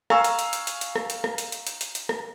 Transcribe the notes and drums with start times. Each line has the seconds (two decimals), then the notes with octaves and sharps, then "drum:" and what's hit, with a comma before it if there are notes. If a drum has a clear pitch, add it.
0.10 F5 G#5 A#5 C#6 E6, drum: rim click
0.24 drum: hi-hat
0.39 drum: hi-hat
0.53 drum: hi-hat
0.67 drum: hi-hat
0.81 drum: hi-hat
0.96 drum: rim click
1.10 drum: hi-hat
1.24 drum: rim click
1.38 drum: hi-hat
1.52 drum: hi-hat
1.67 drum: hi-hat
1.81 drum: hi-hat
1.95 drum: hi-hat
2.09 drum: rim click